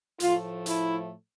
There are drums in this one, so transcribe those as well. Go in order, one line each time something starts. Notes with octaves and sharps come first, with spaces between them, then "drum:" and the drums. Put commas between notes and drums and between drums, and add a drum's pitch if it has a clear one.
A2 F3 A3 F4, drum: hi-hat
E4, drum: hi-hat